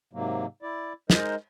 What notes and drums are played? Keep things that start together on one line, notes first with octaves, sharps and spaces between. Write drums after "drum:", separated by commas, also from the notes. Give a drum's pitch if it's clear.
G#2 C3 F#3 A#3
E4 D5
G#3 D#4 A#4 C5 D#5, drum: snare